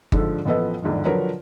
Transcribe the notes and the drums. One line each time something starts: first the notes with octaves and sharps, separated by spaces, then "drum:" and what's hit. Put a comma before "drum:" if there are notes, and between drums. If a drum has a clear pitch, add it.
G#2 D3 F3 D4 A4, drum: kick G1
A1 F3 B3 A4 B4 D#5
E2 G#2 D3 D#3 F3
D3 F3 F#3 A#4 B4 C#5